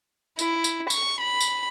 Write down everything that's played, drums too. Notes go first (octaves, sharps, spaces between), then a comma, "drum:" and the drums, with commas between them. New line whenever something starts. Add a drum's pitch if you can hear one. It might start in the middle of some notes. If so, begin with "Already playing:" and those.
E4, drum: tambourine
drum: tambourine
C#6, drum: tambourine
B5
drum: tambourine